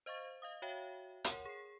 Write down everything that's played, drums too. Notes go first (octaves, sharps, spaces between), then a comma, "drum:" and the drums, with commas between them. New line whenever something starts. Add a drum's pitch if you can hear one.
C5 D#5 F5 C#6 A6
D#5 F5 D#6
F#4 C#5 E5 F5 G5
A#4 C#5 F#5 C6, drum: hi-hat
G#4 C7